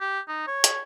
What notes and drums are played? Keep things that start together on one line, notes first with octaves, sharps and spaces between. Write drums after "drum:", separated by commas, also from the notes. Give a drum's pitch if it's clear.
G4
D#4
C#5
drum: hi-hat